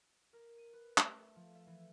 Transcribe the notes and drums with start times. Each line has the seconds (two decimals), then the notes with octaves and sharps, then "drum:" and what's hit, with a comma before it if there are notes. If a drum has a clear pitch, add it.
0.33 A#4
0.58 D#7
0.73 B4
0.98 A3, drum: clap
1.20 A4
1.36 F3
1.55 E5
1.67 E3